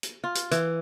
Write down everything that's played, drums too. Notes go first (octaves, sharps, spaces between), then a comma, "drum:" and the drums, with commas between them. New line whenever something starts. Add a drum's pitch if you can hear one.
drum: hi-hat
F4
drum: hi-hat
E3, drum: hi-hat